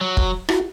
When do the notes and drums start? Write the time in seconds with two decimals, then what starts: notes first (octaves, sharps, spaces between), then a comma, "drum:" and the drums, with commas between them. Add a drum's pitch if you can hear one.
0.01 F#3
0.17 drum: kick
0.49 E4 F#4, drum: rim click